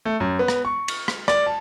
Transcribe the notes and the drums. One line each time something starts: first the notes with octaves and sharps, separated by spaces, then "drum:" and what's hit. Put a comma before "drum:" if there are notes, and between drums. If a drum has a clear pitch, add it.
A3
F#2
B3
drum: rim click
C#6
drum: cymbal
drum: rim click
D5, drum: rim click
A5